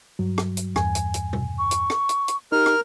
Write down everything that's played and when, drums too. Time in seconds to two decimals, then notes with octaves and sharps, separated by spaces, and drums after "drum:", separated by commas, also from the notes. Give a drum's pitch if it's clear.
0.19 G2 F#3
0.38 drum: rim click
0.57 drum: hi-hat
0.76 E2 G2 G#5, drum: rim click
0.95 drum: hi-hat
1.14 drum: hi-hat
1.33 drum: tom B2
1.58 C#6
1.71 drum: hi-hat
1.90 drum: rim click
2.09 drum: hi-hat
2.28 drum: hi-hat
2.52 D#4 G4 A#4 F6
2.66 drum: rim click